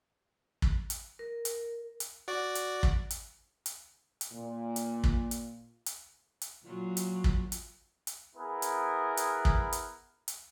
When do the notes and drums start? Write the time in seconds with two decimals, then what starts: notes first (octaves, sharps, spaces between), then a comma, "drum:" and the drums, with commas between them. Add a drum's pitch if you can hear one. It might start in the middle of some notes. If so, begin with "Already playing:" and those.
0.62 drum: kick
0.90 drum: hi-hat
1.19 A#4
1.45 drum: hi-hat
2.00 drum: hi-hat
2.28 F#4 D5
2.55 drum: hi-hat
2.83 drum: kick
3.11 drum: hi-hat
3.66 drum: hi-hat
4.21 drum: hi-hat
4.33 A#2
4.76 drum: hi-hat
5.04 drum: kick
5.31 drum: hi-hat
5.86 drum: hi-hat
6.42 drum: hi-hat
6.64 A#2 F#3 F4
6.97 drum: hi-hat
7.24 drum: kick
7.52 drum: hi-hat
8.07 drum: hi-hat
8.36 B3 E4 G#4 A#4
8.62 drum: hi-hat
9.17 drum: hi-hat
9.45 drum: kick
9.73 drum: hi-hat
10.28 drum: hi-hat